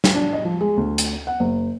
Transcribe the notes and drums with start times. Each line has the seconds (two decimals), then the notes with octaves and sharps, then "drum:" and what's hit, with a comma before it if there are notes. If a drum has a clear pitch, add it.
0.04 drum: snare
0.15 D4
0.33 D#5
0.45 F3
0.61 G#3
0.77 D2
0.98 drum: hi-hat
1.27 F#5
1.40 F#1